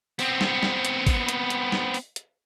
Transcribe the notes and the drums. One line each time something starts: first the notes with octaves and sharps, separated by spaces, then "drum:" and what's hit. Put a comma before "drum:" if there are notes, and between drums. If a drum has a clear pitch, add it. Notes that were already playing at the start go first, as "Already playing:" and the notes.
B3 C4, drum: open hi-hat
drum: snare
drum: snare
drum: hi-hat
drum: kick G#1, open hi-hat
drum: hi-hat
drum: hi-hat
drum: snare
drum: open hi-hat
drum: hi-hat